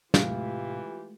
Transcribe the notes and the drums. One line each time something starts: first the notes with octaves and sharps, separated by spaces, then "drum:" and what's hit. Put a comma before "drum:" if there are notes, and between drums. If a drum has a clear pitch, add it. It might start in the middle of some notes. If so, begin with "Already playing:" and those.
A2 C3 E3 G#3 A3 F4 G4 F5, drum: snare